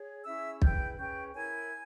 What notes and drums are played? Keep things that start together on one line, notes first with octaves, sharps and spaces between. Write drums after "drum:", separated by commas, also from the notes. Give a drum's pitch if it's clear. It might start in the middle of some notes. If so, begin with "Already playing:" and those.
Already playing: G#4 C#5
C#4 E4 G#4 E5 E6
E4 G#4 B4 G5 G6, drum: kick
C#4 G#4 B4 G5 G6
E4 A#4 C#5 G#5 G#6